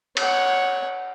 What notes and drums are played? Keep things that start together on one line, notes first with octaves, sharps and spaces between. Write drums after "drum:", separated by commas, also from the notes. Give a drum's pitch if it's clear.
C#5 F#5, drum: cymbal